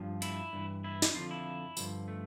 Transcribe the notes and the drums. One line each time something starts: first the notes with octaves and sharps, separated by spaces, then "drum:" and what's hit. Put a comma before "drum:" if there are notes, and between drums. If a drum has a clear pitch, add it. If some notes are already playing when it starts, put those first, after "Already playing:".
Already playing: G2 F3
E4, drum: hi-hat
G2 E3
E4
drum: snare
F2 D3 F3 F4
E4
G2 D3 F3, drum: tambourine
A3